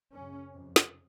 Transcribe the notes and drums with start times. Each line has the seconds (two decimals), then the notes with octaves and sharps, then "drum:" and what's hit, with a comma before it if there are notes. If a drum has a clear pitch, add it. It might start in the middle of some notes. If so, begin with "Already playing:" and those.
0.14 F#2 C#3 C#4
0.53 F2 C3
0.76 drum: snare